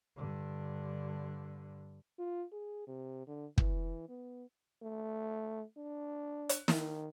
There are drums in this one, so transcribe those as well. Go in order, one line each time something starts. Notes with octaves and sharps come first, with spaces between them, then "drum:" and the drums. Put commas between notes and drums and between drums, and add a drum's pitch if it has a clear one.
G2 D3
F4
G#4
C3
D3
E3, drum: kick
B3
A3
D4
drum: hi-hat
D#3, drum: snare